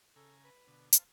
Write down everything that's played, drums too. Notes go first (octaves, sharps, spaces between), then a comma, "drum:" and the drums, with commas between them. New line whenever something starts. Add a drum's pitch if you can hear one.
C#3 A4 G#5 A#5
B4
B2 D3
C5 F5 A5, drum: hi-hat